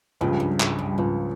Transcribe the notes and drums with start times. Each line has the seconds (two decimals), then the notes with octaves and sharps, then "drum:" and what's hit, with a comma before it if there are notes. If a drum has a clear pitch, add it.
0.21 C#2 G2 C#3 F3
0.40 G2
0.60 G#2, drum: clap
0.79 G2
0.98 C#2 G#2 C#3 F3